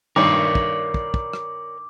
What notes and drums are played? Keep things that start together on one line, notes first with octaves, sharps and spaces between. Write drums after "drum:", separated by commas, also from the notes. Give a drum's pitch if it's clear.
G2 D#3 A#4 C#5 D5 D6
drum: kick
drum: kick
drum: kick
drum: rim click